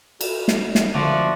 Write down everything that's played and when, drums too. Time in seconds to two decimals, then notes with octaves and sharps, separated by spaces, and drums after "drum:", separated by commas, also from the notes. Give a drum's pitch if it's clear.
0.21 F#4 A4 D5, drum: cymbal
0.48 drum: snare
0.75 drum: snare
0.95 F#1 D3 F3 F#4 D5 E5